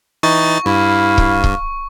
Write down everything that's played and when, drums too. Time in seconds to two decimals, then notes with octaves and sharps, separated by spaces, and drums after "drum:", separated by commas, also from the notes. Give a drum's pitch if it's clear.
0.23 E3 D#4 C#6 A6
0.66 G2 E4 F5
1.18 drum: kick C#1
1.44 drum: kick C#1